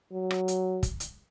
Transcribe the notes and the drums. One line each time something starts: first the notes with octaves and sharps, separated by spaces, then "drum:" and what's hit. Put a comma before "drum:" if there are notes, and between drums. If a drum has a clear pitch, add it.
F#3
drum: rim click
drum: hi-hat
drum: kick, hi-hat
drum: hi-hat